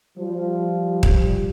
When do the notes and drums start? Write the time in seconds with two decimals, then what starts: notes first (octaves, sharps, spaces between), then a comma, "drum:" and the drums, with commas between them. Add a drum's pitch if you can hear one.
0.18 F3 G3
1.03 drum: kick D#1